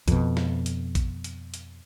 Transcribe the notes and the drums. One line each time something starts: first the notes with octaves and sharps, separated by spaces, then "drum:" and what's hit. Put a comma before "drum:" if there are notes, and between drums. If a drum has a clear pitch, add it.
F2 B2, drum: kick A1, hi-hat
drum: snare
drum: hi-hat
drum: kick A1, hi-hat
drum: hi-hat
drum: hi-hat